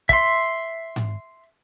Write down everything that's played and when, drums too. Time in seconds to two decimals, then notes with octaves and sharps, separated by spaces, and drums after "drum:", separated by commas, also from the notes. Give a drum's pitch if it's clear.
0.09 E5 C6, drum: kick
0.96 drum: tom G#2